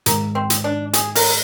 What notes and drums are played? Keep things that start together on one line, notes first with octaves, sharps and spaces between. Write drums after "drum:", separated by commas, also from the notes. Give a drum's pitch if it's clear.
G#2 D#3 G#3 A#3, drum: hi-hat
C4
drum: hi-hat
D4
G#4, drum: hi-hat
A#4, drum: open hi-hat